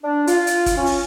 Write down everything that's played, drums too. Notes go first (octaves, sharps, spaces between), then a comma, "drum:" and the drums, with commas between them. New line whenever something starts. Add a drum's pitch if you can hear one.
D4
F4, drum: hi-hat
drum: hi-hat
drum: kick, hi-hat
C#4
drum: open hi-hat